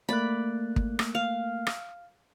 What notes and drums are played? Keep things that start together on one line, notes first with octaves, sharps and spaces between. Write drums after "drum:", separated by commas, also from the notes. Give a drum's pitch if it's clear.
A3 A#3 D5 B5 F#6
drum: kick
drum: rim click
F5
drum: rim click